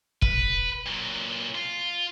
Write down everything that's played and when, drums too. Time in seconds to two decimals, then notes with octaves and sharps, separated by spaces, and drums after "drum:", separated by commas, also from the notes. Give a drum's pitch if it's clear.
0.22 B4, drum: kick
0.86 A#2 F#3
1.55 F4